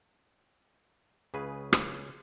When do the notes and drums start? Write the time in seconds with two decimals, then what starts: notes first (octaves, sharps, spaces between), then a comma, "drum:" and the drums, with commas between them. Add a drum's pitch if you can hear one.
1.34 C#2 C#3 G#4 B4
1.73 drum: rim click